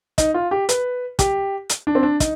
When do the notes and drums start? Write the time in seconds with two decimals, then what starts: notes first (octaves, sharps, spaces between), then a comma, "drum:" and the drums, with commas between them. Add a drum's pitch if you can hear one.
0.18 D#4, drum: kick, hi-hat
0.34 F4
0.51 G4
0.69 B4, drum: hi-hat
1.19 G4, drum: kick, hi-hat
1.69 drum: hi-hat
1.87 D4
1.95 C4
2.03 D4
2.20 D#4, drum: kick, hi-hat